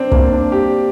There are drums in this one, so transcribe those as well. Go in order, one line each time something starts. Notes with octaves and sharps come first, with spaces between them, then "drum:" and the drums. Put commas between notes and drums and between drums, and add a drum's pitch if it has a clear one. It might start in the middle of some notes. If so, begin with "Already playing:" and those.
Already playing: C4 D4
A#3, drum: kick
D4
G4